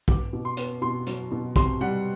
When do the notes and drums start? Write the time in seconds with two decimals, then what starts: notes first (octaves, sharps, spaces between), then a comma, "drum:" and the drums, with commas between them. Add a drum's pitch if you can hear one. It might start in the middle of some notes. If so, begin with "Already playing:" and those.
0.08 B3 D6, drum: kick
0.33 B2
0.45 C6
0.57 B3, drum: hi-hat
0.81 B2 C6
1.07 F#3, drum: hi-hat
1.31 B2
1.56 C3 C6, drum: kick, hi-hat
1.81 G3 F#5